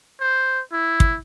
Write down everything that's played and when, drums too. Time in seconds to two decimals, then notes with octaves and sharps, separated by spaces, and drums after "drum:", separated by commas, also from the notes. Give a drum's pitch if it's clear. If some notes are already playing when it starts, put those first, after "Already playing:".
0.20 C5
0.72 E4
1.00 drum: kick